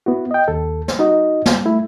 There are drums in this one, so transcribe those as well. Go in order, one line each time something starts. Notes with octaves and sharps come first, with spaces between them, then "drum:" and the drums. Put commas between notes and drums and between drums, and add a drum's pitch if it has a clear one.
B3 E4 F#4
D#5 G5
D#2 A4
drum: snare
D#4 F#4 D#5
drum: snare
A3 E4